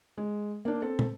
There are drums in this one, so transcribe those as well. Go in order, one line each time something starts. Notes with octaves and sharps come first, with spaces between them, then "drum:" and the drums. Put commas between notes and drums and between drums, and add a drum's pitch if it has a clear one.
G#3
A#3 D4
C4 A4
drum: tom